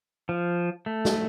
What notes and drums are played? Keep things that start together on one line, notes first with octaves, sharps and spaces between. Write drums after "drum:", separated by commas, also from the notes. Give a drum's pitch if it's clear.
F3
A3
drum: snare